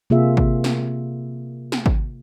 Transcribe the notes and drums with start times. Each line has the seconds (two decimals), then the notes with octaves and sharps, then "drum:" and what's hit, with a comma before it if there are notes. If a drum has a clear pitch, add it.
0.10 C3 A#3 F4 G#4 E5
0.37 drum: kick G#1
0.64 drum: snare
1.72 drum: snare
1.86 drum: kick G#1